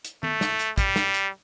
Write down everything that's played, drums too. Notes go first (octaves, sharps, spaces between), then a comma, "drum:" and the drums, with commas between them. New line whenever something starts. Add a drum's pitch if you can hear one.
drum: hi-hat
A3, drum: tom D#3
drum: snare
drum: hi-hat
G3, drum: kick, hi-hat
drum: snare
drum: hi-hat